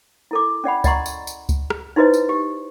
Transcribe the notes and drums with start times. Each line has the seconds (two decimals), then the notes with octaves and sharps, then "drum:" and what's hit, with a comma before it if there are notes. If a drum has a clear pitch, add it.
0.31 E4 A4 D6
0.64 C#4 D5 F#5 B5
0.84 D5 D#5 F#5 A#5 C6 C#6, drum: kick C#2, tambourine
1.06 drum: tambourine
1.27 drum: tambourine
1.49 drum: kick C#2, tambourine
1.70 drum: rim click
1.96 D#4 E4 F#4 B4 C5 D#5
2.14 drum: tambourine
2.29 G4